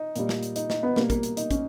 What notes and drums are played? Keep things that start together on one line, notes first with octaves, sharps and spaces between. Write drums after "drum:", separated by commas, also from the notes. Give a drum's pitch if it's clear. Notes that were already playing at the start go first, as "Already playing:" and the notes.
Already playing: D#4
A#2 G3, drum: hi-hat
drum: snare
drum: hi-hat
D#4, drum: hi-hat
D#4, drum: snare
B3
B2 G3 A#3, drum: snare
A#3, drum: kick, hi-hat
drum: hi-hat
D#4, drum: hi-hat
C#4, drum: kick, hi-hat